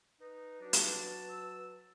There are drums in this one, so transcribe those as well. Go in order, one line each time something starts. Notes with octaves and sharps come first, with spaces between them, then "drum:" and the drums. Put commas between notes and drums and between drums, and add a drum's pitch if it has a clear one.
D#4 B4
F#3 D4 A5
drum: hi-hat
E6